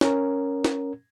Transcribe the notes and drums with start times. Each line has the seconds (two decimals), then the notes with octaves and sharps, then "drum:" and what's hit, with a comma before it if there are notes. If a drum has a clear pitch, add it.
0.01 C#4 A#4, drum: snare
0.65 drum: snare